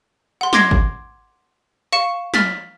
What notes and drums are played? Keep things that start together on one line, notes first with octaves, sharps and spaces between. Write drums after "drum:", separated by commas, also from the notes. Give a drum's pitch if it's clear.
F#5 C6
C6 D6 G#6 A#6 C7 D7, drum: snare
drum: kick G#1
F5 C#6 C#7 E7
F6 A6 B6, drum: snare